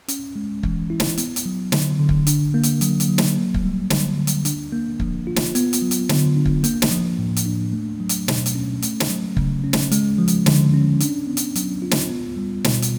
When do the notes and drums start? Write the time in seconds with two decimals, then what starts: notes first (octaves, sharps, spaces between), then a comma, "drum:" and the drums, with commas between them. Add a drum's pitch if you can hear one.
0.08 C#4, drum: hi-hat
0.36 G#3
0.63 E3, drum: kick
0.90 E4
1.00 drum: snare
1.18 B3, drum: hi-hat
1.36 drum: hi-hat
1.46 F#3
1.72 D3, drum: snare
2.00 D3
2.09 drum: kick
2.27 D4, drum: hi-hat
2.54 A#3
2.63 drum: hi-hat
2.81 F#3, drum: hi-hat
3.00 drum: hi-hat
3.09 F#3
3.18 drum: snare
3.36 A#3
3.54 drum: kick
3.64 G3
3.90 D3, drum: snare
4.18 D3
4.27 drum: hi-hat
4.45 D4, drum: hi-hat
4.72 A#3
5.00 F3, drum: kick
5.27 F4
5.36 drum: snare
5.55 B3, drum: hi-hat
5.73 drum: hi-hat
5.82 F#3
5.91 drum: hi-hat
6.09 D3, drum: snare
6.36 D4
6.46 drum: kick
6.64 A#3, drum: hi-hat
6.82 drum: snare
6.91 F3
7.19 A2
7.36 drum: hi-hat
7.46 D4
7.73 A3
8.00 F#3
8.09 drum: hi-hat
8.28 B2, drum: snare
8.46 drum: hi-hat
8.55 C#4
8.82 A3, drum: hi-hat
9.00 drum: snare
9.09 F#3
9.37 C#3, drum: kick
9.64 C#4
9.73 drum: snare
9.92 G#3, drum: hi-hat
10.18 F3
10.28 drum: hi-hat
10.46 D3, drum: snare
10.74 C#4
11.00 D4, drum: hi-hat
11.27 B3
11.37 drum: hi-hat
11.55 F#3, drum: hi-hat
11.82 F4
11.91 drum: snare
12.09 B3
12.36 G3
12.64 B2, drum: snare
12.82 drum: hi-hat